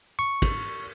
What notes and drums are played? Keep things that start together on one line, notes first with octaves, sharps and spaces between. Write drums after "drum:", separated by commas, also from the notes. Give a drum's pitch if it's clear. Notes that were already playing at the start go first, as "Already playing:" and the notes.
C#6
drum: kick, cymbal